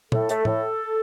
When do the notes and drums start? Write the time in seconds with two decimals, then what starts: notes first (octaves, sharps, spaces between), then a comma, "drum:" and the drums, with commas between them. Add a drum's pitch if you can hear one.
0.12 A2 A4, drum: tom
0.29 A3, drum: hi-hat
0.45 A2, drum: tom A2